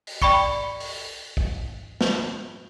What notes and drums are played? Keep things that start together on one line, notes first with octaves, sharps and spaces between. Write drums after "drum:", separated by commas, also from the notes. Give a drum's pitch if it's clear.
drum: open hi-hat
D5 G5 B5 C#6 C#7, drum: kick
drum: open hi-hat
drum: kick
drum: snare